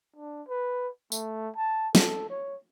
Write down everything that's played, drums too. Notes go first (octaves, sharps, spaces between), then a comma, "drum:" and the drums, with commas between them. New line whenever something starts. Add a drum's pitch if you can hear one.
D4
B4
A3, drum: tambourine
A5
A4, drum: snare
C#5